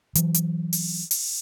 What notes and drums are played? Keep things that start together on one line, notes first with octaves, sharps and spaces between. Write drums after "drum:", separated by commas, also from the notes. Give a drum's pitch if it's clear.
E3 F#3, drum: hi-hat
drum: hi-hat
drum: open hi-hat
drum: open hi-hat